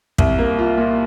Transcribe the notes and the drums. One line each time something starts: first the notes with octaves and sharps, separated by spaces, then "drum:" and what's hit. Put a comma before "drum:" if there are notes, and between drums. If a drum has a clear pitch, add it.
C2, drum: kick
A#3
F4
A#2